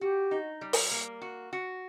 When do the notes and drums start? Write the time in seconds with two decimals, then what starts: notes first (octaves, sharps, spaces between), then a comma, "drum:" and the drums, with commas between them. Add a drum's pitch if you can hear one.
0.01 F#4 G4
0.31 D#4
0.61 G3
0.73 drum: open hi-hat
0.91 A#3
1.22 F#4
1.53 F#4